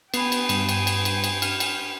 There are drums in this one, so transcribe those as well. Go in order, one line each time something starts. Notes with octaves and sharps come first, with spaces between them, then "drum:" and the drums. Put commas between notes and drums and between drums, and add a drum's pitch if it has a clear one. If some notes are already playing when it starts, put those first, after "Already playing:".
B3 G5 G#5 B5 C7, drum: cymbal
drum: cymbal
G2, drum: cymbal
drum: cymbal
drum: cymbal
drum: cymbal
drum: cymbal
F6, drum: cymbal
drum: cymbal